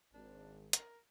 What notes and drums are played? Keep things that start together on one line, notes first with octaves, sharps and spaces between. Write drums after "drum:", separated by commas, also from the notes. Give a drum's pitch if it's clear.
G#1 D4
A#4, drum: hi-hat